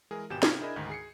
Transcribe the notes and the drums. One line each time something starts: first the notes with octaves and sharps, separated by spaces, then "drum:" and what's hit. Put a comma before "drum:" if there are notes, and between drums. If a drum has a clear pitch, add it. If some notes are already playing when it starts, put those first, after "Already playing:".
E3 G#3 G#4 A#4
G#1 B2 G4 G#5 G6 E7
C3 F4 F6 G#6, drum: snare
D4 E4 G#4 A#4 D#5 B5
D2 G#2 D#3 D#4
G#4 C7 C#7